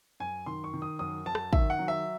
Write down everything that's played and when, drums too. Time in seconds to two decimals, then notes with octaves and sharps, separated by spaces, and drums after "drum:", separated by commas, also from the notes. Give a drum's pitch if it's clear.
0.20 F#2 G#5
0.46 D#3 C6
0.64 C#6
0.73 D#3
0.82 D#6
0.99 F#2 D#6
1.26 F#2 A5
1.35 drum: rim click
1.53 D#3 E5, drum: kick
1.70 F#5
1.79 F#3
1.88 E5